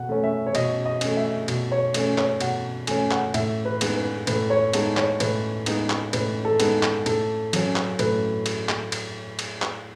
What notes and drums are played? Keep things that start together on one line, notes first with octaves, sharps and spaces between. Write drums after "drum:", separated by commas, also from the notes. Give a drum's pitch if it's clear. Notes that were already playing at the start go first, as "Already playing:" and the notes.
Already playing: B2 F#5
A3 C#4
E5
C#5
B2 D#5, drum: cymbal
D#5
A3 C#4, drum: cymbal
E5
B2, drum: cymbal
C#5
A3 C#4, drum: cymbal
C#5, drum: clap
B2 F#5, drum: cymbal
A3 C#4 G#5, drum: cymbal
F#5, drum: clap
A2 E5, drum: cymbal
B4
G#3 B3 D#4, drum: cymbal
B4
A2 B4, drum: cymbal
C#5
G#3 B3 D#4 A5, drum: cymbal
C#5, drum: clap
A2 B4, drum: cymbal
G#3 B3 D#4, drum: cymbal
drum: clap
A2 B4, drum: cymbal
A4
G#3 B3 D#4, drum: cymbal
drum: clap
A2 A4, drum: cymbal
F#3 C#4, drum: cymbal
drum: clap
A2 B4, drum: cymbal
drum: cymbal
drum: clap
drum: cymbal
drum: cymbal
drum: clap